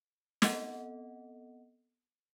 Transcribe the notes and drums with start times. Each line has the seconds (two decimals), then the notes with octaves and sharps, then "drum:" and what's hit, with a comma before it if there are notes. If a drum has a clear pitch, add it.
0.42 B3 C4 A4 D#5 F#5, drum: snare